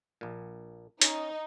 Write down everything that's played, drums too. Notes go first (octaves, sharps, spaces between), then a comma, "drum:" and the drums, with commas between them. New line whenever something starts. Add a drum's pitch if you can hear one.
A#1 A#2
C#4 D#4, drum: hi-hat